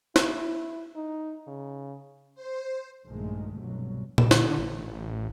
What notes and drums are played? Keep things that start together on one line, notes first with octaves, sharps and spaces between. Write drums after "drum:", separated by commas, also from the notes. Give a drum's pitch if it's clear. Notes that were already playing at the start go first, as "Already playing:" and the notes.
E4, drum: snare
D#4
C#3
C5
A#1 G2 D#3 G#3 A3
G1 C2 B2 F#3
drum: tom A#2
D3, drum: snare
A1